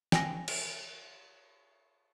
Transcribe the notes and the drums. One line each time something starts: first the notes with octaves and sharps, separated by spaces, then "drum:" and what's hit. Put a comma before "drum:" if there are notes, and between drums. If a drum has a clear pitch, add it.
G5 G#5 A#6, drum: snare
drum: cymbal